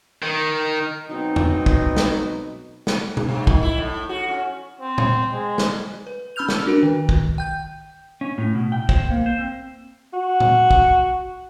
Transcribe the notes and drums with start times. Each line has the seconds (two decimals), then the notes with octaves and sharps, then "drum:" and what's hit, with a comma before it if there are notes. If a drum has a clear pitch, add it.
0.23 D#3
1.09 B2 F#3 C4 D#4
1.36 drum: tom E2
1.66 drum: kick
1.96 drum: snare
2.87 drum: snare
3.17 drum: tom B2
3.29 G2
3.47 D#3, drum: kick
3.63 E4
3.78 A2
4.09 F#4
4.28 C#4
4.81 C4
4.98 drum: tom A#2
5.32 G#3
5.58 drum: snare
6.07 B4
6.36 C#4 B5 E6 F6 G6 F7
6.49 drum: snare
6.66 D4 F#4 A#4
6.83 D#3
7.09 drum: kick
7.38 G5 G6
8.21 C#4
8.38 A2
8.55 B2
8.72 G5
8.89 C5, drum: kick
9.10 A#3
9.26 C5
9.38 C4
10.13 F#4
10.40 drum: tom A#2
10.71 drum: kick